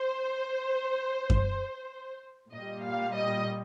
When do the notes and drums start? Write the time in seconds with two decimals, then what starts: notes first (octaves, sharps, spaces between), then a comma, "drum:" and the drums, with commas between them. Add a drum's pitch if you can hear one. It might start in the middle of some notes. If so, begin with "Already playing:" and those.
Already playing: C5
1.30 drum: kick F#2
2.52 A#2 G3 D#5
2.84 F5
3.15 D#5